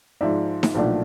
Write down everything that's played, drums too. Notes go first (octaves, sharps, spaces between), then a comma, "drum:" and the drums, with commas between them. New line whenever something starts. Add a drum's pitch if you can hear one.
G#2 F3 G#3 D5 E5
drum: snare D#4
B1 A#2 F3 A3 D4